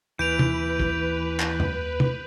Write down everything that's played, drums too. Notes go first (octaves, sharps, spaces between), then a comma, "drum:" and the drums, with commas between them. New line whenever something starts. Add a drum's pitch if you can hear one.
D#2 E3 B4 G6 D7 F7
drum: tom
drum: kick
drum: clap
drum: tom
drum: tom